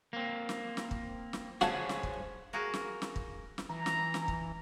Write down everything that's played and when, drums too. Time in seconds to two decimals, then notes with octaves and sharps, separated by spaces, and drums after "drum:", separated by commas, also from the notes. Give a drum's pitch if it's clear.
0.13 A#3 C4
0.49 drum: snare
0.77 drum: snare
0.91 drum: kick
1.33 drum: snare
1.61 F#4 G#4 C5 C#5 F5 A5, drum: snare
1.89 drum: snare
2.03 drum: kick
2.53 A#3 F#4 G#4 A#4
2.74 drum: snare
3.02 drum: snare
3.16 drum: kick
3.58 drum: snare
3.70 E3 A#5
3.86 drum: snare
4.14 drum: snare
4.28 drum: kick